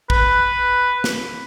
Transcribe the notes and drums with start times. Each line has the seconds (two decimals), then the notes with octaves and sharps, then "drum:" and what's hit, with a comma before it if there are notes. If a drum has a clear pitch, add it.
0.10 B4, drum: kick
1.04 drum: snare